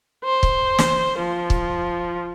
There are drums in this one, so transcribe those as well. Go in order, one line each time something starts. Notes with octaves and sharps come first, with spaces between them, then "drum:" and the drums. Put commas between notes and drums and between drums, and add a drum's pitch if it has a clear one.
C5
drum: kick
drum: snare
F3
drum: kick